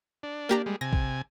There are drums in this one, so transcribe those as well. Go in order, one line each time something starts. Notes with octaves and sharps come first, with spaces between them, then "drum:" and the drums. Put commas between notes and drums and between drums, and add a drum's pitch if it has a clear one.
D4
A#3 G4 A#5
G3 G#3
C3 G#5 A#6
drum: kick A1